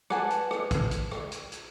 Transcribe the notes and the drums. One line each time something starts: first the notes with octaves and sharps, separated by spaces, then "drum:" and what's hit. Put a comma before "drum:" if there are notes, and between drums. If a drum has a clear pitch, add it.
B4 F#5 G#5 A5, drum: rim click
drum: hi-hat
drum: rim click
drum: kick, hi-hat
drum: hi-hat
drum: rim click
drum: hi-hat
drum: hi-hat